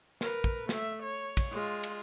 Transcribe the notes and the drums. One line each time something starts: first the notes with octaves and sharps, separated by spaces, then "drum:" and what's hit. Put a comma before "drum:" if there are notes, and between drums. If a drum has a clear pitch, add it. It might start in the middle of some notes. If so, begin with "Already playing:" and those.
A#4 B4, drum: snare
drum: kick
A3 E5, drum: snare
C#5
drum: kick, cymbal
G#3 F4
drum: cymbal